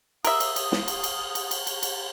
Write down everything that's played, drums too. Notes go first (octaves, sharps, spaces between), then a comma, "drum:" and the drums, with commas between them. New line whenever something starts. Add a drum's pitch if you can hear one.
A#4 E5 F5 D#6, drum: cymbal
drum: cymbal
drum: cymbal
drum: snare
drum: cymbal
drum: cymbal
drum: cymbal
drum: cymbal
drum: cymbal
drum: cymbal